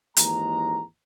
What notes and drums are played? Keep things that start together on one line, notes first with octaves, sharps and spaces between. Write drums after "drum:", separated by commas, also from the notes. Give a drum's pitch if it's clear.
G#1 D#2 E3 G#3 A#5, drum: hi-hat